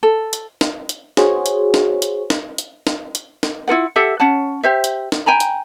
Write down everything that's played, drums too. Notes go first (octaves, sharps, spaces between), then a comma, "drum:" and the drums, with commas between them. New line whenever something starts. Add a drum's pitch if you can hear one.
A4
drum: hi-hat
drum: snare
drum: hi-hat
F#4 G#4 C5 C#5, drum: snare
drum: hi-hat
drum: snare
drum: hi-hat
drum: snare
drum: hi-hat
drum: snare
drum: hi-hat
drum: snare
E4 F4 A#4 F#5
G4 A4 E5 F#5
C#4 C#5 F#5 A5
G4 C5 E5
drum: hi-hat
drum: snare
G5 G#5 A#5 B5
drum: hi-hat